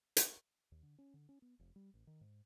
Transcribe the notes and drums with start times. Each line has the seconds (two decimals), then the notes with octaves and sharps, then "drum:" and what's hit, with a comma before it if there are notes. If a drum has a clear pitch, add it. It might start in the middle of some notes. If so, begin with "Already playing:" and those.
0.17 drum: hi-hat
0.72 D#2
0.83 D3
0.98 C#4
1.14 D3
1.29 C#4
1.42 B3
1.59 F1
1.76 G3
1.94 A1
2.07 D#3
2.21 G#2